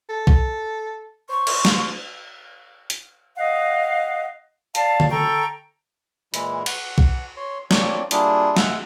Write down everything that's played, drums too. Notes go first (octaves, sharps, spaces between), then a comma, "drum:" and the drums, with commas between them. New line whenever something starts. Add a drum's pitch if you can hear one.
A4
drum: kick B1
C5 C#6
drum: cymbal
drum: snare
drum: hi-hat
D#5 F5 F#5
D5 F5 A5, drum: hi-hat
drum: tom D3
A4 G5 A#5 C#6
A#2 E3 G#3 E4, drum: hi-hat
F#5, drum: cymbal
drum: kick B1
C#5 C6
F3 A#3 C4 C#5 D5, drum: snare
G3 A#3 D4 E4 F4 G#4, drum: hi-hat
G#3 E5 F#5, drum: snare